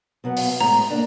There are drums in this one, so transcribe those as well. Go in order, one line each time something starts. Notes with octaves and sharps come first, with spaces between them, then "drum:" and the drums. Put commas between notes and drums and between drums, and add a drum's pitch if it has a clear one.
B2 F#3 B3
drum: open hi-hat
A2 G#3 A#5
A#3 D4